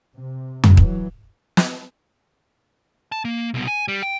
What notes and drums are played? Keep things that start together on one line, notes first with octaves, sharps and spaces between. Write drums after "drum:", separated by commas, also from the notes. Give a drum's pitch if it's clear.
C3
drum: tom F2
E3 F#3, drum: kick
drum: snare
A5
A#3
C2 B2
G#5
G3
G5